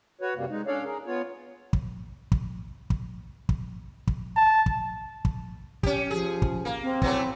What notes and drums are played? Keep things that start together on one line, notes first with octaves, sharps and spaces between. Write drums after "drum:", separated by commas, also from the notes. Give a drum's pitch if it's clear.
F#4 B4 C#5
F#2 C3 G3 A#3
G#3 D#4
C#4 D4 A4 C#5 D5 F5
G#4 A#4
B3 F4 C#5
drum: kick
drum: kick
drum: kick
drum: kick
drum: kick
A5
drum: kick
drum: kick
C#4 G4, drum: kick
F3 G#4
drum: kick
A#3
C4
E3 F#3 A3, drum: kick